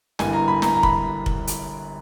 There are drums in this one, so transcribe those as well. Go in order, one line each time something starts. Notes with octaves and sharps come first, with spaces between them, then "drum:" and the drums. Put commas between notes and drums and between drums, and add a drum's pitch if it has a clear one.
G1 G2 E3 A#3 G#5, drum: snare
A#5
B5
A#5, drum: snare
A#5
B5, drum: kick F1
drum: kick F1
drum: hi-hat